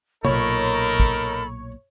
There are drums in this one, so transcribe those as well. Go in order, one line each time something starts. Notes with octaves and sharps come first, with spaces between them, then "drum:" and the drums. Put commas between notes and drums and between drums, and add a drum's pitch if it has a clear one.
B1 A#2 D#4 A4 A#4 C#5 B5, drum: tom C3
drum: kick